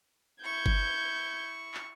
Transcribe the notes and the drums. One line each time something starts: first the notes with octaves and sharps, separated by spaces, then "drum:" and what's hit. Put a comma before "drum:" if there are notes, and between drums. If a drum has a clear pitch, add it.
E4 C#6 G6 G#6
drum: kick G1
drum: clap